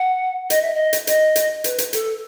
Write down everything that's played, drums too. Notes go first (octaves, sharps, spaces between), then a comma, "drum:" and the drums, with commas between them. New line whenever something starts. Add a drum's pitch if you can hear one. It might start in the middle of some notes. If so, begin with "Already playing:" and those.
Already playing: F#5
D#5, drum: hi-hat
E5
D#5
drum: hi-hat
D#5, drum: hi-hat
drum: hi-hat
B4, drum: hi-hat
drum: hi-hat
A4, drum: hi-hat